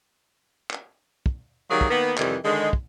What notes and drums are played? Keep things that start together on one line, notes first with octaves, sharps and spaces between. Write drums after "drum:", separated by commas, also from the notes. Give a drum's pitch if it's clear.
drum: clap
drum: kick
D#3 F#3 G3 A#3 G#4
drum: kick
D#3 A#3 B3
F2 C3 D#3 E3 G3, drum: clap
D3 D#3 G#3
drum: kick